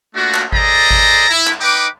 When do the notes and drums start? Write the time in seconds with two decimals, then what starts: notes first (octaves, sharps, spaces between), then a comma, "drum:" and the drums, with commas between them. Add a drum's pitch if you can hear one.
0.15 A3 A#3 D4 F4 F#4
0.34 drum: clap
0.52 G#4 A4 C5 D5 D#5 A#5, drum: kick G#1
0.91 drum: kick G#1
1.30 E4
1.47 drum: clap
1.61 D#4 B4 G5 D6